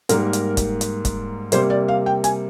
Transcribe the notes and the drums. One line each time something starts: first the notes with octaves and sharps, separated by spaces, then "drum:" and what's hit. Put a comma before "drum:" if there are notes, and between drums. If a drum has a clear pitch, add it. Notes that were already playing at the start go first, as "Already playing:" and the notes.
G#2 G3 A#3 A#4, drum: hi-hat
drum: hi-hat
drum: kick, hi-hat
drum: hi-hat
drum: kick, hi-hat
C3 G3 A#3 C5, drum: hi-hat
D5
F5
G5
G#5, drum: hi-hat